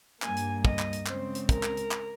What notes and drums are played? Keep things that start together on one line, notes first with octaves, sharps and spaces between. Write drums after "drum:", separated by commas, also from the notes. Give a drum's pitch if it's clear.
G2 G3 A#3 G#5, drum: clap
drum: hi-hat
D#5, drum: kick
drum: clap
drum: hi-hat
C#3 G#3 C4 C5, drum: clap
drum: hi-hat
A#4, drum: kick, hi-hat
drum: clap
drum: hi-hat
drum: clap